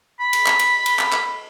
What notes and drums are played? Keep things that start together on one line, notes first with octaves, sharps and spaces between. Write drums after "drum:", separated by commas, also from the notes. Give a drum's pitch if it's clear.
B5
drum: cymbal
drum: clap
drum: cymbal
drum: cymbal
drum: clap
drum: clap